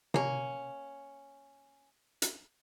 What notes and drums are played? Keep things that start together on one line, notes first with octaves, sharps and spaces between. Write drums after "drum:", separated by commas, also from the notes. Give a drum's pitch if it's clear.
A#3 C#4, drum: tom C3
drum: hi-hat